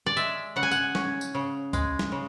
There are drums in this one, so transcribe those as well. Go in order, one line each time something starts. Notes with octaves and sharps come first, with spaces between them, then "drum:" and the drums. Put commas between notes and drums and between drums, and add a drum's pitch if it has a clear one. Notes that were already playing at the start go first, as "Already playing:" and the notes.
D5
G#3 E5, drum: tambourine
C#3 F#5
G#5
F#5, drum: tambourine
C#4, drum: snare
drum: tambourine
C#3
G#3, drum: kick, tambourine
drum: snare
C#3